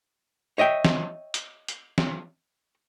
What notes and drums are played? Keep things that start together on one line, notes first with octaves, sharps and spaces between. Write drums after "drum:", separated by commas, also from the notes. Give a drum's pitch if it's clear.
C#5 D#5 E5 G5
drum: snare
drum: hi-hat
drum: hi-hat
drum: snare